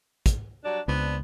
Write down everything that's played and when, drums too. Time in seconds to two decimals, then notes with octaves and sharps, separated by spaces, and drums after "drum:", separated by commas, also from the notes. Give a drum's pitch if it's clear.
0.26 drum: kick, hi-hat
0.64 F#3 G3 D4
0.88 C#2 B3 C4 D4